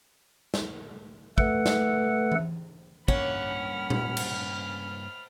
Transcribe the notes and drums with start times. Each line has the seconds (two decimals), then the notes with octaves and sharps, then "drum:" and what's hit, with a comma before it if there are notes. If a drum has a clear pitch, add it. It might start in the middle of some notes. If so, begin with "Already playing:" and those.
0.54 drum: snare
1.38 A3 A4 B4 F#5, drum: kick
1.66 drum: snare
2.32 drum: tom E3
3.08 G2 A#3 C#4 F#5 B5 F6, drum: kick
3.90 drum: tom A#2
4.17 drum: cymbal